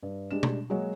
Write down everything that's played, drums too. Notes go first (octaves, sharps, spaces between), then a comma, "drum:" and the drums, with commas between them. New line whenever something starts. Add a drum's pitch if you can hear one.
G2
G3 G#3 D4 E7
drum: tom B2
F#3 G#3 A#3 F#4 C#5